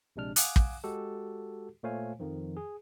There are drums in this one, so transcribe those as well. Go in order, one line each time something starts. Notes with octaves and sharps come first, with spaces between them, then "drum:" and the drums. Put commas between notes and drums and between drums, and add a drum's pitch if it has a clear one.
A#1 C3 G#3 D4 F6
F5 F#5 G#5 D6 D#6 F#6, drum: hi-hat
drum: kick
G#3 F#4 G4 A4
A#2 A3 C5 C#5 F5 G#5
F2 D#3 F3
G#4